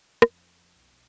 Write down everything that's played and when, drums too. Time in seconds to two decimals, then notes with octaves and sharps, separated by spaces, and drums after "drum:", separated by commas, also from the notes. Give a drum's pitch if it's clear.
0.22 F2, drum: rim click
0.75 B1